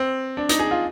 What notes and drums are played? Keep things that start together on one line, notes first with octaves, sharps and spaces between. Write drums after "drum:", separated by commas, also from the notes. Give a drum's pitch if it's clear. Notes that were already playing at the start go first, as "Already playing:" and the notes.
Already playing: C4
D4
D#4, drum: hi-hat
G#4
F4